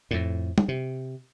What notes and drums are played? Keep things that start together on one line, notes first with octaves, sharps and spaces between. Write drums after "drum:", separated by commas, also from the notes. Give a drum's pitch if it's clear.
F2 A2
drum: tom
C3